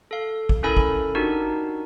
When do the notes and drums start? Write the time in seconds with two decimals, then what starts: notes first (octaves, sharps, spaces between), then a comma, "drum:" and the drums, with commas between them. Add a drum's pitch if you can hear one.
0.11 A4 F5
0.49 drum: kick
0.63 C#4 E4 A4 A#4 G#5 B5
0.77 drum: kick
1.15 D4 D#4 F#4 G4 A#4